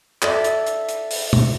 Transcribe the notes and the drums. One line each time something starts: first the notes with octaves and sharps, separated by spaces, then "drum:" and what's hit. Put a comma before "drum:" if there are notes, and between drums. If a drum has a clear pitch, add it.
A4 D5 E5, drum: clap
drum: hi-hat
drum: hi-hat
drum: hi-hat
drum: open hi-hat
drum: tom